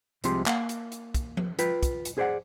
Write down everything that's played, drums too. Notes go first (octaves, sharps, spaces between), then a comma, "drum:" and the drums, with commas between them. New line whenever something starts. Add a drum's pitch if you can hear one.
C2 C3 F3 G#3 G4 C6, drum: hi-hat
A#3 F5 F#5, drum: clap
drum: hi-hat
drum: hi-hat
drum: kick, hi-hat
drum: tom F3
F4 B4 G5, drum: hi-hat
drum: kick, hi-hat
drum: hi-hat
G#4 C5 D5 E5 F#5